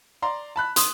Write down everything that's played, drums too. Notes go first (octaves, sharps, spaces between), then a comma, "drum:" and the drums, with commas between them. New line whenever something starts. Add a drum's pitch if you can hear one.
D5 A#5 C6
A5 B5 F#6
C6 D#6, drum: hi-hat